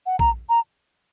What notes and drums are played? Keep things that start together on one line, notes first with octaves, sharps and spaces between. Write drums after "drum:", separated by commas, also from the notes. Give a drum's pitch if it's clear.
F#5
A#5, drum: kick
A#5